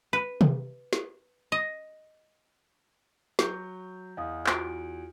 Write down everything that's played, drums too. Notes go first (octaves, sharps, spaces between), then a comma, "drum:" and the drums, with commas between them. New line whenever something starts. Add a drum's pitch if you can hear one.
B4
drum: tom C3
drum: snare
D#5
F#3 C#6 G6, drum: snare
E2 D#5 F5 D#6
F4 F#4 D7, drum: clap